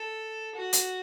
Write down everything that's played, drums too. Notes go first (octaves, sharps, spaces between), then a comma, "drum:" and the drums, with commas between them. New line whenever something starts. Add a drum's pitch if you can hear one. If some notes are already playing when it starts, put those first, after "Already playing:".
Already playing: A4
F#4
drum: hi-hat